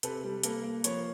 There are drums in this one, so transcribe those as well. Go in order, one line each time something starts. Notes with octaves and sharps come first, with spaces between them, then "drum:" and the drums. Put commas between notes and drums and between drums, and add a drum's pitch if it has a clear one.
C3 A4 B4, drum: hi-hat
G3
A#3 A4 B4, drum: hi-hat
A#3
F3 B4 C#5, drum: hi-hat